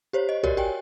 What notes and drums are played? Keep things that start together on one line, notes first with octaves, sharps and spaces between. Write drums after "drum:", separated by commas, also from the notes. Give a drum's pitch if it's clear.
G4 C5 C#5
D#5
F#4 G4 A#4 C#5 D5, drum: tom A#1
G4 C#5 G5 G#5